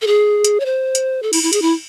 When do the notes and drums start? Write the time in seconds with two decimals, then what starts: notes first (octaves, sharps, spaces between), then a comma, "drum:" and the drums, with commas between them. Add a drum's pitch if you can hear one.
0.02 A4
0.07 G#4
0.44 drum: hi-hat
0.60 C#5
0.65 C5
0.95 drum: hi-hat
1.23 A4
1.33 E4, drum: cymbal
1.43 E4
1.53 G#4, drum: hi-hat
1.62 E4